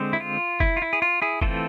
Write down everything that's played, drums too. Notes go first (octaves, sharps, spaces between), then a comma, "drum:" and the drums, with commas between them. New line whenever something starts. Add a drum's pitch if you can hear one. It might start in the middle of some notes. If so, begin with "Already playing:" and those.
Already playing: D3 G#3 C4
E4
F4
E4, drum: kick
F4
E4
G#4
F4
E4 G#4
E3 A3 C4 F4 A4, drum: kick